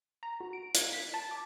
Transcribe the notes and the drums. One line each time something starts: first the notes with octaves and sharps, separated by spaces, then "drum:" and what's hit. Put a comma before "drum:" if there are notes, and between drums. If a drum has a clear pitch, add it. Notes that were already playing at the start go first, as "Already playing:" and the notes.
A#5
F#4
D7
G#6, drum: hi-hat
B6
A5
D6